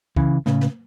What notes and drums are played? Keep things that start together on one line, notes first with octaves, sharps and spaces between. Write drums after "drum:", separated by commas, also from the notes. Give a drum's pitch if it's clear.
C#3 E3, drum: kick
A2 C#3, drum: snare
drum: snare